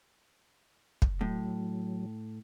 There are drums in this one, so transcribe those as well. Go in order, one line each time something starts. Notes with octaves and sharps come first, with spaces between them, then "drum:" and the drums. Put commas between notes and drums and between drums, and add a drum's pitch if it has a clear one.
drum: kick
A2 F#3